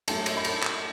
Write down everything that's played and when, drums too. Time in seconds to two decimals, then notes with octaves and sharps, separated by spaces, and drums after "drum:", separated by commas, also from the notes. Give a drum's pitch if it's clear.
0.08 A2 F#3 A3 A5, drum: cymbal
0.26 drum: cymbal
0.37 B5
0.45 A5, drum: cymbal
0.63 drum: clap